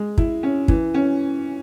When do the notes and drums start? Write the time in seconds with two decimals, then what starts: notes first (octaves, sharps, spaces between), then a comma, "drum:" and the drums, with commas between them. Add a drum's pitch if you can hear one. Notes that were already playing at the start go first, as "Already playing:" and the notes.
Already playing: G#3
0.18 E4, drum: kick
0.43 C#4
0.68 E3, drum: kick
0.94 C#4